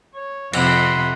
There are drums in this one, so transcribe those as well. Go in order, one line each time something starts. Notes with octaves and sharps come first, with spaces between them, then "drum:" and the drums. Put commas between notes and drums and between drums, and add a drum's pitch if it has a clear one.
C#5
F2 C3 F3 F#5 B5 C6, drum: cymbal